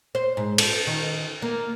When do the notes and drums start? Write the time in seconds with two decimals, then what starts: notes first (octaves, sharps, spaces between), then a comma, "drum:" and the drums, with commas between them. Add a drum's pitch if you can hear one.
0.15 C5
0.37 G#2
0.58 A4, drum: cymbal
0.87 D#3
1.42 A#3